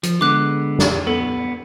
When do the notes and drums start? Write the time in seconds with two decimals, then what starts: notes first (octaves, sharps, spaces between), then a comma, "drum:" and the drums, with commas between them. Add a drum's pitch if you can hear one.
0.03 F3, drum: hi-hat
0.21 D3 G#3 B3 D6 F#6
0.79 drum: snare
1.07 B3 A4